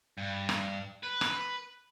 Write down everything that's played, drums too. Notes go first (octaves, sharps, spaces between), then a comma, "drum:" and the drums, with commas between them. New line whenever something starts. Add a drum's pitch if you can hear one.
G2
drum: rim click
B4
drum: rim click